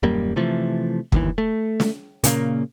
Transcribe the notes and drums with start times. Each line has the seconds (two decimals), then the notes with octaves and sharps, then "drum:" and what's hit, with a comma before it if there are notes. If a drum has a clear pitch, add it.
0.03 D#1 F#2 G3 A#3
0.36 C3 E3 F3 A3
1.12 G1 D#2 E3, drum: kick
1.38 A3
1.80 drum: snare
2.24 A#2 C#3 A#3, drum: hi-hat